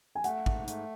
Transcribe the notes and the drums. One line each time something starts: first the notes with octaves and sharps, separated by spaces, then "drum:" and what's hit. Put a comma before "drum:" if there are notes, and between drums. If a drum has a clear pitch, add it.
G#5
A3 F#5, drum: hi-hat
G#2, drum: kick
A3, drum: hi-hat